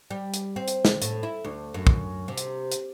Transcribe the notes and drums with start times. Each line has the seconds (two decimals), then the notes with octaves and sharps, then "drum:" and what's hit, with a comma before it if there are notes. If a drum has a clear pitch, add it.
0.10 G3
0.34 drum: hi-hat
0.56 C4
0.68 drum: hi-hat
0.85 drum: snare
1.02 A2, drum: hi-hat
1.23 E4
1.45 D2
1.74 F#2
1.87 drum: kick
2.28 C3
2.38 drum: hi-hat
2.72 drum: hi-hat